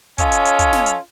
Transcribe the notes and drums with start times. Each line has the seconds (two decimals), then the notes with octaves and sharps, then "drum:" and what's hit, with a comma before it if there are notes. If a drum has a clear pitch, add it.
0.18 C#4 F4 A4 C#5 D#5, drum: kick, hi-hat
0.32 drum: hi-hat
0.45 drum: hi-hat
0.59 drum: kick, hi-hat
0.73 drum: snare
0.86 drum: hi-hat